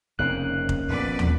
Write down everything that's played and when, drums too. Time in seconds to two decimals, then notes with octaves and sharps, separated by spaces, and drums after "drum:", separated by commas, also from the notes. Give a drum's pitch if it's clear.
0.19 F1 C#3 A#3 C4 C#4 D#4 F#6
0.69 drum: kick F1
0.89 D#1 A#1 F2 B3 B4 D5
1.19 drum: tom